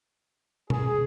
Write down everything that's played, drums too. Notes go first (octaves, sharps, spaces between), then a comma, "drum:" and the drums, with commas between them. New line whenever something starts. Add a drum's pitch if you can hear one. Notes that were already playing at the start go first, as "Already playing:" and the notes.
G#4, drum: tom B2